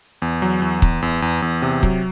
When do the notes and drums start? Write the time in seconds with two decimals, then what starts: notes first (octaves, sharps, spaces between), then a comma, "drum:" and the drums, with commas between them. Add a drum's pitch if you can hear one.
0.22 E2
0.42 F#3
0.62 E2
0.82 E2, drum: kick
1.02 E2
1.22 E2
1.42 E2
1.62 C3
1.83 F#3, drum: kick